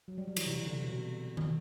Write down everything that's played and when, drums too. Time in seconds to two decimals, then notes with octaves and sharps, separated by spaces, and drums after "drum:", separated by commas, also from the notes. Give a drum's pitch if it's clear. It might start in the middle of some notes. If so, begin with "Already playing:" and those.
0.08 F#3
0.18 G3
0.28 F#3
0.37 E3, drum: cymbal
0.46 C3
0.56 C3
0.66 D3
0.74 C3
0.84 B2
1.37 drum: tom